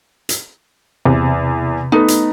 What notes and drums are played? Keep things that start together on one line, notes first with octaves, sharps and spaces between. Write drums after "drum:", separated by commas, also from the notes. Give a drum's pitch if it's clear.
drum: hi-hat
E2 C3
A3 B3 D#4
drum: hi-hat